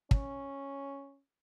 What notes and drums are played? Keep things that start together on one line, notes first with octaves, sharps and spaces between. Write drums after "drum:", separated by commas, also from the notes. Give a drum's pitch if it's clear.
C#4, drum: kick